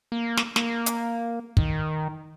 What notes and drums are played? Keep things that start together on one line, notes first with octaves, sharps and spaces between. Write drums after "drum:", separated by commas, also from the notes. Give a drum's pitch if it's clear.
A#3
drum: snare
A#3, drum: snare
drum: hi-hat
D#3, drum: kick